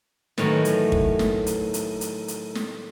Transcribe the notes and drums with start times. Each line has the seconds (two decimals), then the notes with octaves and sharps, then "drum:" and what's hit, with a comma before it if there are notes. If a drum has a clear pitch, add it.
0.38 A2 D#3 E3 F#3, drum: snare
0.65 drum: hi-hat
0.92 drum: kick
1.19 drum: snare
1.46 drum: hi-hat
1.74 drum: hi-hat
2.01 drum: hi-hat
2.28 drum: hi-hat
2.55 drum: snare